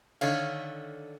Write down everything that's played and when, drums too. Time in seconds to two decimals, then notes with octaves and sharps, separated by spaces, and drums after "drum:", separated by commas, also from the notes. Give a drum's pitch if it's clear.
0.21 D3 D#3 C#5 F5, drum: cymbal